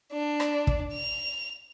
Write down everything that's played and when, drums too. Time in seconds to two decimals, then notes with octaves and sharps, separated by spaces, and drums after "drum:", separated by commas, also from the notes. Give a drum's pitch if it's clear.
0.12 D4
0.40 drum: rim click
0.67 drum: kick
0.94 F7